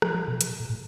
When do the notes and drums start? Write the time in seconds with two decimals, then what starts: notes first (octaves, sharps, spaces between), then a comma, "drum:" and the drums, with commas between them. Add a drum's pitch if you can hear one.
0.02 F3, drum: rim click
0.14 F3
0.28 B2
0.41 drum: hi-hat
0.60 A#2
0.70 A2